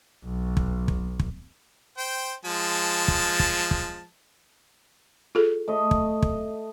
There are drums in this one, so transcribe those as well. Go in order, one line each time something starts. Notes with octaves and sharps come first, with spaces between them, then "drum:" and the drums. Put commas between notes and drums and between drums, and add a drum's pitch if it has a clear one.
B1
drum: kick
drum: kick
drum: kick
C5 G5
F3 G#3 A5
drum: kick
drum: kick
drum: kick
F4 G#4 A4
A3 D#5
drum: kick
drum: kick